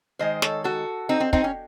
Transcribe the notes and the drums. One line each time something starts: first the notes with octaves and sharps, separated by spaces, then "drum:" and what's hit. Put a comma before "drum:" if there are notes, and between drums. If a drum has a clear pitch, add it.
D#3 G#3 C5 D#5
A4 C#5, drum: snare
F#4 A4
C4 D#4
C4
C4 D#4, drum: kick
C#4